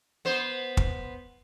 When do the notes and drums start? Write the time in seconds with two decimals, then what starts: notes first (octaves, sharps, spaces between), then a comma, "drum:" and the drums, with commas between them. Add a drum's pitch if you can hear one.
0.25 B3 C5
0.77 drum: kick